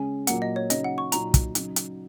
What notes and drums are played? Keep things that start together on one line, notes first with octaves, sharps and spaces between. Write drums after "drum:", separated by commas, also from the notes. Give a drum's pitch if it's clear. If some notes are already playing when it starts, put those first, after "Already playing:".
Already playing: C#3 G#3 C#4 G#5
A#2 F#3 A#3 F#5, drum: hi-hat
D#5
C#5
C#3 F#3 D#4 D#5, drum: hi-hat
F#5
C#6
A#2 F#3 D#4 A#5, drum: hi-hat
drum: kick, hi-hat
C#3 F#3 D#4, drum: hi-hat
drum: hi-hat